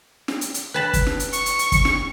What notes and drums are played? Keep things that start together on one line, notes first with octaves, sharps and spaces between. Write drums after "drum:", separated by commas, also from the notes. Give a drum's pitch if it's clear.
drum: snare
drum: hi-hat
drum: hi-hat
B4 A5 B5
drum: kick, hi-hat
drum: snare
drum: hi-hat
C#6, drum: hi-hat
drum: hi-hat
drum: hi-hat
drum: kick, hi-hat
drum: snare